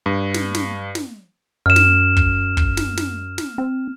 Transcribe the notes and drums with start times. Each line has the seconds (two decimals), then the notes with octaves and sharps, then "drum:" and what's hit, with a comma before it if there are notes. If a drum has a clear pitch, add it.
0.06 G2
0.34 drum: snare
0.55 drum: snare
0.95 drum: snare
1.66 F#2 F6 E7
1.76 drum: snare
2.16 drum: kick
2.57 drum: kick
2.77 drum: snare
2.97 drum: snare
3.38 drum: snare
3.58 C4